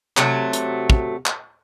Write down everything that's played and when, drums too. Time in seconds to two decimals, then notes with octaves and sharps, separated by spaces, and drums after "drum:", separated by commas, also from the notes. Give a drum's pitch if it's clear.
0.17 C3 F#3 A3, drum: clap
0.53 drum: hi-hat
0.90 drum: kick
1.26 drum: clap